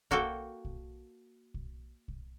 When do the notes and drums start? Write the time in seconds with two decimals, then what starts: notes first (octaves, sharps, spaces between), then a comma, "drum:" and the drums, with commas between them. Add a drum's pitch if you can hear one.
0.11 A#3 F#4 A4 G5, drum: kick
0.65 drum: kick
1.54 drum: kick
2.08 drum: kick